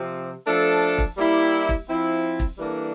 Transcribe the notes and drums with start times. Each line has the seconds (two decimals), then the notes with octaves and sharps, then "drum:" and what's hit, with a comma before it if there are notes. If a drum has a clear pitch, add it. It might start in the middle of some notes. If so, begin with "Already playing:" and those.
Already playing: C3 F3 C4
0.46 F3 A3 D4 A4
0.98 drum: kick
1.16 G3 A#3 E4 G4
1.69 drum: kick
1.87 F3 C4 E4
2.40 drum: kick
2.58 E3 G3 A#3 D4 A4